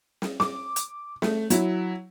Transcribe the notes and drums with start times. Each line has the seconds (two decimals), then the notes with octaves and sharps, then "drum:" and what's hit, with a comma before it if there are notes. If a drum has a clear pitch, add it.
0.22 drum: snare
0.40 D6, drum: snare
0.76 drum: hi-hat
1.22 A3, drum: snare
1.50 F#3 E4, drum: hi-hat